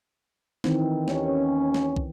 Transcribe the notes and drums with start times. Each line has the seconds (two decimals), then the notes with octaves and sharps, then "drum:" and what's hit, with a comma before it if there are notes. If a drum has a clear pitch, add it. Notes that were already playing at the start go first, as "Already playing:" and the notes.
0.64 D#3 E3 C4, drum: snare
1.08 D#2 C#4, drum: snare
1.74 drum: snare
1.96 drum: kick